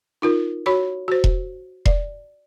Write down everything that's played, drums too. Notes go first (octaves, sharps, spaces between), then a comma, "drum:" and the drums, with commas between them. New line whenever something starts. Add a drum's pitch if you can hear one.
D#4 F4 A#4
F#4 C#5 B5 C#6
F#4 C5
drum: kick E1
D5, drum: kick E1